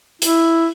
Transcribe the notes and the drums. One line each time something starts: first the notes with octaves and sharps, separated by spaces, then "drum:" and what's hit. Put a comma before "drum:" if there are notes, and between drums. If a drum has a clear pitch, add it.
E4, drum: hi-hat